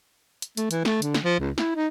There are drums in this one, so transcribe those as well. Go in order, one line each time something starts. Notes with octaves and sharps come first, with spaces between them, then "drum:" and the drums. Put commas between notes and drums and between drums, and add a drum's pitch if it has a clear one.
drum: hi-hat
A3, drum: hi-hat
E3, drum: hi-hat
A3, drum: snare
D3, drum: hi-hat
drum: snare
F3
C#2
E4, drum: snare
D#4